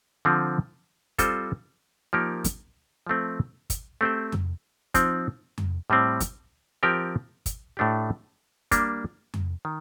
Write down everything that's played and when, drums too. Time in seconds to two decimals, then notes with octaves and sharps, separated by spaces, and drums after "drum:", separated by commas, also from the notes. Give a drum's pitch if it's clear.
0.25 D3 F3 C4
1.19 G3 C4 F4 A4 C5, drum: kick, hi-hat
2.13 F3 A#3 D#4 G4 A#4
2.44 drum: kick, hi-hat
3.07 F3 A3 C4
3.70 drum: kick, hi-hat
4.01 A3 C4 G4 C5
4.32 drum: tom F2
4.94 F3 C4 D#4, drum: kick, hi-hat
5.58 drum: tom F2
5.90 A2 G3 C4
6.20 drum: kick, hi-hat
6.83 F3 C4 G4 A#4
7.46 drum: kick, hi-hat
7.77 A2 A3 D4 G4
8.72 G3 A#3 D4, drum: kick, hi-hat
9.34 drum: tom F2
9.65 D#3